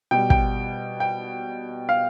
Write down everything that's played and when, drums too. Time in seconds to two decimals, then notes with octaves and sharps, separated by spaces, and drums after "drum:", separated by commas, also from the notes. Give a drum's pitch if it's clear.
0.11 B2 G3 G5
0.30 G5, drum: kick
1.00 G5
1.89 F5